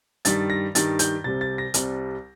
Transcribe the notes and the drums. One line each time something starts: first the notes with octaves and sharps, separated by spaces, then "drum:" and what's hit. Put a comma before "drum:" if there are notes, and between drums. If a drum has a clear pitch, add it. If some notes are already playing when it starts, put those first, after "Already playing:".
G2 D#3 G3 A6, drum: hi-hat
A#6
G2 D#3 G3 A6, drum: hi-hat
G6, drum: hi-hat
C2 C3 G3 A6
A6
A#6
C2 C3 G3, drum: hi-hat